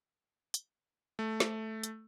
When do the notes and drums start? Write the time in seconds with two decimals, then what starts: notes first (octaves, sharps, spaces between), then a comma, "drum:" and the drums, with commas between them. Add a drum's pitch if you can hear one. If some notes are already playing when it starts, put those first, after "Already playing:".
0.54 drum: hi-hat
1.19 A3
1.40 drum: snare
1.83 drum: hi-hat